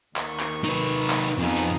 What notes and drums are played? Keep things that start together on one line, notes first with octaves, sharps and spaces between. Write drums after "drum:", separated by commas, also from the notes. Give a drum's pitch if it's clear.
D#2 D#3 C#6, drum: clap
drum: clap
D#4 B4, drum: hi-hat
drum: clap
F2 B3 D#4 G#4
drum: hi-hat